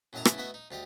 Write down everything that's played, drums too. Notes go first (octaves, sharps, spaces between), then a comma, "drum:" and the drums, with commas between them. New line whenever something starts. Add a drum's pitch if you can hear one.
F#2 A2 F#3 D#5 A5 A#5
C#3 A3 B3 E4, drum: rim click
A3 B3 F#4 D#5 E5
D#4
D2 F4 G4 D#5